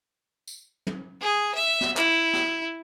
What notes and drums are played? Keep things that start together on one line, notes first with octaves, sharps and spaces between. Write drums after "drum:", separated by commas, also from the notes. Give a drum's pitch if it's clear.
drum: tambourine
drum: tom
G#4
E5
drum: snare
E4, drum: clap
drum: snare